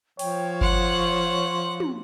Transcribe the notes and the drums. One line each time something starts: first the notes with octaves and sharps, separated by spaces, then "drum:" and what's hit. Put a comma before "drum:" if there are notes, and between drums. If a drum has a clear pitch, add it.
F3 C#5 G5, drum: open hi-hat
F#5 C6, drum: kick G1
drum: tom